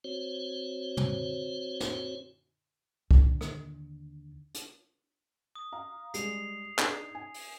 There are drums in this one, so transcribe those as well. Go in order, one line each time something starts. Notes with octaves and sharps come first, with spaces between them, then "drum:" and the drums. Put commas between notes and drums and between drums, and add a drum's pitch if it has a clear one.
C4 F#4 C5 C#5
drum: tom
drum: snare
D#2 D3, drum: kick
drum: rim click
drum: hi-hat
D#6
F5 A#5
G3 G#3 G#4 C7 F7, drum: hi-hat
D4 D#4 G#4, drum: clap
G#5
drum: open hi-hat